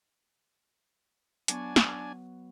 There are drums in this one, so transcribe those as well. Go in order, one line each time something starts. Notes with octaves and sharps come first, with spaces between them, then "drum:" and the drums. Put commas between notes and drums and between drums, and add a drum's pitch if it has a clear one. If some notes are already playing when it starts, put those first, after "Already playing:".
F#3 B3 D4 G#5 C#6, drum: hi-hat
drum: snare